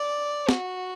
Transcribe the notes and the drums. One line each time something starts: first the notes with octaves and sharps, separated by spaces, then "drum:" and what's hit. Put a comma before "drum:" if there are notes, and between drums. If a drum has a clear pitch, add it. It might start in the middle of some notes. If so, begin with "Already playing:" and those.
Already playing: D5
F#4, drum: snare